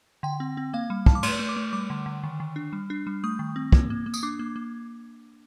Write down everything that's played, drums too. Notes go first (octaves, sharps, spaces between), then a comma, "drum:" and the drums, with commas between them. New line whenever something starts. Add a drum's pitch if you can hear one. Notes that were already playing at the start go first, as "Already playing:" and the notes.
D3 G5
C4
C4
A#3 F5
G3
G3 A5, drum: kick
D6
A3 C6, drum: cymbal
A3
D6
A3
G3 D6
D3
D3
D#3
D#3
D4
G3
D4
G3
A3 D#6
D#3
C4
A#3, drum: kick
A#3
A#3
D#6, drum: tambourine
D4 D6
A#3
A#3